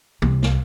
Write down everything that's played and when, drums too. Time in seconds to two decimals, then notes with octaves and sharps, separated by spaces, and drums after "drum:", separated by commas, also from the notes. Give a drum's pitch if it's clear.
0.22 C2, drum: tom
0.43 drum: snare